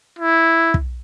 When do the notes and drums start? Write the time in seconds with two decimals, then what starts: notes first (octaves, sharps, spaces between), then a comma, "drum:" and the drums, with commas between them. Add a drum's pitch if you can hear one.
0.19 E4
0.74 drum: kick